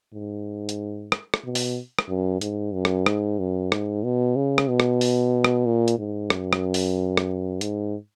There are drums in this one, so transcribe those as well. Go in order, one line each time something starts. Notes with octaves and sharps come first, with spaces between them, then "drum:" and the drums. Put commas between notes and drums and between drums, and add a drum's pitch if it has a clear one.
G#2
drum: hi-hat
drum: rim click
drum: rim click
B2
drum: open hi-hat
drum: rim click
F#2
G#2, drum: hi-hat
F#2
drum: rim click
G#2, drum: rim click
F#2
G#2, drum: rim click
B2
C#3
drum: rim click
B2
drum: rim click
drum: open hi-hat
drum: rim click
A#2
drum: hi-hat
G#2
F#2, drum: rim click
drum: rim click
drum: open hi-hat
drum: rim click
G#2, drum: hi-hat